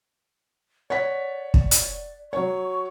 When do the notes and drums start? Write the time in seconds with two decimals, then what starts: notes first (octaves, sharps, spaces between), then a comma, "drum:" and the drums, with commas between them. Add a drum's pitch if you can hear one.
0.90 C#5 D5 F#5 B6
1.54 drum: kick
1.71 drum: hi-hat
2.33 F#3 C#5 C#6